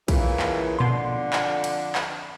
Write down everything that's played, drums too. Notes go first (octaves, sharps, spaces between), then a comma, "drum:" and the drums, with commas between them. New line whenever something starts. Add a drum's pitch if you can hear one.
A#2 C#3 E3, drum: kick, cymbal
drum: clap
F2 B2 D3 D4 C6
drum: clap
drum: cymbal
drum: clap